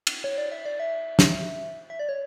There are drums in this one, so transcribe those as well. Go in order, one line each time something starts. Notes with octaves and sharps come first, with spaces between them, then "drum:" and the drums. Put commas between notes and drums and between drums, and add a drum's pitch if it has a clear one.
drum: cymbal
C#5
D5
E5
D5
E5
drum: snare
E5
D5
C#5